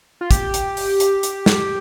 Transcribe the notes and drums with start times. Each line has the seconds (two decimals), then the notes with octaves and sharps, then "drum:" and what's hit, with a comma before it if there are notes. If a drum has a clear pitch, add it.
0.21 F4
0.31 G4, drum: kick, hi-hat
0.54 drum: hi-hat
0.77 drum: open hi-hat
1.00 drum: hi-hat
1.23 drum: hi-hat
1.46 drum: snare